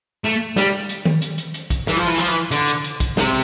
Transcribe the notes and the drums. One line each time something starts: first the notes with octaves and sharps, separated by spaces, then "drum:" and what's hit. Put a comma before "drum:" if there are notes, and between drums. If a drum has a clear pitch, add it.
A3
G3, drum: snare
drum: hi-hat
drum: tom D#3
drum: hi-hat
drum: hi-hat
drum: hi-hat
drum: kick, hi-hat
E3, drum: snare
F3
E3
F3, drum: hi-hat
E3
D3, drum: hi-hat
drum: hi-hat
drum: hi-hat
drum: kick, hi-hat
C3, drum: snare